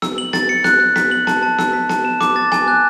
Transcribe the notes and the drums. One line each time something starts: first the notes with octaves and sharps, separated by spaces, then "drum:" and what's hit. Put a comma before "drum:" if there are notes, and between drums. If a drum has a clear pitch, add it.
E6, drum: snare B3
F#7
A6, drum: snare B3
C#7
F#6, drum: snare B3
F#6
B6, drum: snare B3
F#7
A5, drum: snare B3
A5
E6, drum: snare B3
B6
A5, drum: snare B3
E7
D6, drum: snare B3
A6
G#5, drum: snare B3
F#6